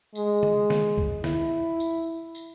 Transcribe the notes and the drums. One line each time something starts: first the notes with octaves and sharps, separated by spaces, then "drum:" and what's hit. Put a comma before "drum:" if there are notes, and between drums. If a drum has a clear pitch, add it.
G#3, drum: tambourine
drum: tom C#3
drum: snare
drum: kick C2
E4, drum: snare
drum: tambourine
drum: tambourine